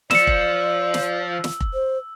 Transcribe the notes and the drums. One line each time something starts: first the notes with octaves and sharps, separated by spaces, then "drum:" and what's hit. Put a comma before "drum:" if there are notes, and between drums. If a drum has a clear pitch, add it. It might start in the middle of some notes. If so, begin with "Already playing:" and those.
F3 D5 E6 C#7 E7, drum: snare
drum: kick F1
drum: snare
drum: snare
drum: kick F1
C5